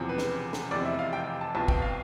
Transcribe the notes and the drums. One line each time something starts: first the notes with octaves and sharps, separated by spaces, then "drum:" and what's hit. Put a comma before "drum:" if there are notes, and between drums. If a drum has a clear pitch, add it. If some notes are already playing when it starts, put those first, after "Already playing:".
Already playing: E1 E2 C3 F3
B4
drum: snare
drum: snare
F1 E2 C3 D5
E5
F5
G5
A5
C2 B2 B3 F4 A5
G5, drum: kick
F5